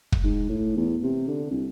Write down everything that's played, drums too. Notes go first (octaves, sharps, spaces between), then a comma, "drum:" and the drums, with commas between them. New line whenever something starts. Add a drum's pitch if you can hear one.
drum: kick
G#2
A2
E2
C3
D3
C2